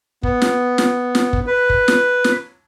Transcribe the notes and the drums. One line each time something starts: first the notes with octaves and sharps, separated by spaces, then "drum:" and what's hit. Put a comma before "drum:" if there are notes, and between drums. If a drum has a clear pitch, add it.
B3, drum: kick
drum: snare
drum: snare
drum: snare
drum: kick
B4
drum: kick
drum: snare
drum: snare